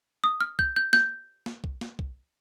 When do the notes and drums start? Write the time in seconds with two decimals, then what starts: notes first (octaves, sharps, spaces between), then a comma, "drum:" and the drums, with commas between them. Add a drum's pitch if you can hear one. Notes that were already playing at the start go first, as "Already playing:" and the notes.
0.24 D#6
0.41 F6
0.59 G6, drum: kick C2
0.76 G6
0.93 G6, drum: snare
1.46 drum: snare
1.64 drum: kick C2
1.81 drum: snare
1.99 drum: kick C2